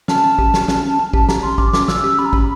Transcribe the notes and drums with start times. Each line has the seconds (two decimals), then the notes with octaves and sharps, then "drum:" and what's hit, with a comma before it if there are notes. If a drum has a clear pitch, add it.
0.08 C#4 A5, drum: snare
0.24 C#4
0.38 G4, drum: kick
0.54 C#4, drum: snare
0.68 C#4, drum: snare
0.83 C#4
0.99 C#4
1.13 G4, drum: kick
1.29 G4 A#5, drum: snare
1.43 C#4 C6
1.58 C#4 D6, drum: kick
1.73 C#4 D6, drum: snare
1.88 C#4 E6, drum: snare
2.04 G4
2.19 C#4 B5
2.26 A#5
2.33 G4 B5, drum: kick